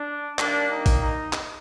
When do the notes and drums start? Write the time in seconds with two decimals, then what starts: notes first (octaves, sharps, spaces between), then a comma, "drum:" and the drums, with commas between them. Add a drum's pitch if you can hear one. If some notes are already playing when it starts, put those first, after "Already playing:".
Already playing: D4
0.39 D#3 G3 A#3 D4, drum: clap
0.70 D#4
0.86 drum: kick A1, open hi-hat
1.01 D#4
1.33 drum: clap